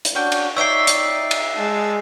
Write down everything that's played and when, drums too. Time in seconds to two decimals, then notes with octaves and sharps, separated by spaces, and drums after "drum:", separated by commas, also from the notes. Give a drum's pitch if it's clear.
0.05 drum: hi-hat
0.15 C#4 D4 F#4 G5
0.32 drum: cymbal
0.57 D#4 C#5 D5 E5 G5 E6 C7
0.87 drum: hi-hat
1.31 drum: cymbal
1.56 G#3 A5 E6